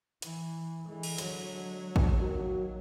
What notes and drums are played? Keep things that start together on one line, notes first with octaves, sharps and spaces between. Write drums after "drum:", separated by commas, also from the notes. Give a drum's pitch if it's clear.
E3, drum: hi-hat
D3 E3 G#3
drum: cymbal
F#3, drum: hi-hat
drum: kick A1
D#3 A#3 F#4